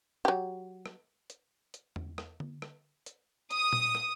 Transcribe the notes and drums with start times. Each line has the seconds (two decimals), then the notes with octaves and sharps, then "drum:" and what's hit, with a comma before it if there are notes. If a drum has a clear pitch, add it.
0.25 F#3 G4
0.86 drum: rim click
1.30 drum: hi-hat
1.74 drum: hi-hat
1.96 drum: tom E2
2.18 drum: rim click
2.40 drum: tom D3
2.62 drum: rim click
3.06 drum: hi-hat
3.51 D#6, drum: hi-hat
3.73 drum: tom A#2
3.95 drum: rim click